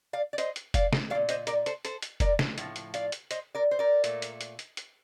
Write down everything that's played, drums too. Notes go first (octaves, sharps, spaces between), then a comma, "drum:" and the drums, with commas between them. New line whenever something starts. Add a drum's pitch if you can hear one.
D5 F5
D5
C5 D#5, drum: hi-hat
drum: hi-hat
D5 F5, drum: kick F1, hi-hat
drum: snare
A3 D5 F5
A#2
C5 D#5, drum: hi-hat
A#4 D5, drum: hi-hat
A4 C5, drum: hi-hat
A4 C5, drum: hi-hat
drum: hi-hat
A#4 D5, drum: kick F1, hi-hat
drum: snare
A2 F3, drum: hi-hat
drum: hi-hat
D5 F5, drum: hi-hat
drum: hi-hat
C5 D#5, drum: hi-hat
A#4 D5
C5
A#4 D5
A#2 A3, drum: hi-hat
drum: hi-hat
drum: hi-hat
drum: hi-hat
drum: hi-hat